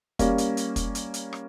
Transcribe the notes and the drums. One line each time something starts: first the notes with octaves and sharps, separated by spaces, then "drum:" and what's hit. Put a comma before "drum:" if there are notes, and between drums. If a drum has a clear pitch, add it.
G3 A#3 C#4, drum: kick, hi-hat
drum: hi-hat
drum: hi-hat
drum: kick, hi-hat
drum: hi-hat
drum: hi-hat
drum: rim click